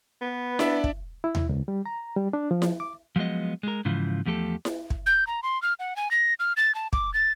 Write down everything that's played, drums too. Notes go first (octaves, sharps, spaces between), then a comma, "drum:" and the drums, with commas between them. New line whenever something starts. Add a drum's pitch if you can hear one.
B3 B4
D4 D5 E5, drum: snare E4
drum: kick
E4
drum: tom D#2
C#2
G3
A#5
G3
D4
F3
drum: snare E4
D6
F3 F#3 G#3 B3 D#5
G#3 A#4
G#2 C#3 E3 F3
E2 F3 A3 G4 A4
drum: snare E4
drum: kick
G6
A#5
C6
F6
F#5
G#5
A#6
F6
A6
A5
D6, drum: kick
A6